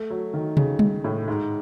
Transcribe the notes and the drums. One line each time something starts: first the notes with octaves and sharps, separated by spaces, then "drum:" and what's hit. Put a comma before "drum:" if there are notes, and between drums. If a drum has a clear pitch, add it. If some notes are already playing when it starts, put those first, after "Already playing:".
Already playing: A3
F#3
D#3
C#3, drum: tom
drum: tom G3
A2
G#2